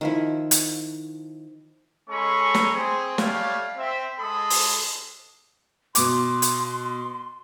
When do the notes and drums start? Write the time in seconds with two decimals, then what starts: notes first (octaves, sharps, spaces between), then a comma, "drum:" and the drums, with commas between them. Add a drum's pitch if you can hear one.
0.01 D#3 F3 E4
0.51 drum: hi-hat
2.10 G#3 C#4 A4 A#5 B5 C#6
2.54 drum: snare
2.73 C4 G#4
3.18 G3 A3 C#5 D5 F5, drum: snare
3.77 C4 E5
4.20 G#3 A4 B5 D#6
4.50 drum: open hi-hat
5.95 B2 C6 D6, drum: hi-hat
6.42 drum: hi-hat